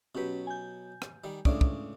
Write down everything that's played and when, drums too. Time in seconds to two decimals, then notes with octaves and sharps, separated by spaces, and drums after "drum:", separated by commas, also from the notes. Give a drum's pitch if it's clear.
0.15 B2 F#3 C#4 G4 B4
0.47 G#5 G6
1.02 drum: rim click
1.24 D#3 G3
1.45 C#2 A2 C#4 D4 G#4 D5, drum: kick
1.61 drum: kick